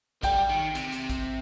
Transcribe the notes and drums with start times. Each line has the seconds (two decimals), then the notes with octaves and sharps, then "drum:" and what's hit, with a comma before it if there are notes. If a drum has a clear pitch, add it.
0.23 G3 G5, drum: kick A#1, hi-hat
0.50 D#3
0.75 C3, drum: hi-hat
0.92 drum: hi-hat
1.10 drum: kick A#1, hi-hat